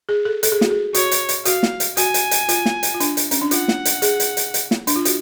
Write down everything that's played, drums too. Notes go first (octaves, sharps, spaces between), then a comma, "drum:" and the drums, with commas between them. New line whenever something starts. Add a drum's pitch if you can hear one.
G#4
A4
A4, drum: hi-hat
G#4
F#4, drum: snare
G#4
F#4 C#5, drum: hi-hat
drum: hi-hat
drum: hi-hat
F#4 F5, drum: hi-hat
drum: snare
drum: hi-hat
F#4 G#5, drum: hi-hat
drum: hi-hat
drum: hi-hat
F4, drum: hi-hat
drum: snare
drum: hi-hat
F4
D4, drum: hi-hat
drum: hi-hat
C#4, drum: hi-hat
D4
F4 F#5, drum: hi-hat
drum: snare
drum: hi-hat
G#4, drum: hi-hat
drum: hi-hat
drum: hi-hat
drum: hi-hat
drum: snare
D4, drum: hi-hat
F4
F#4, drum: hi-hat